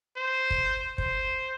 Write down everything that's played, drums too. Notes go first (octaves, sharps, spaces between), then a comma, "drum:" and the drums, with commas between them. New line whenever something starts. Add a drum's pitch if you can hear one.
C5
drum: kick
C5, drum: kick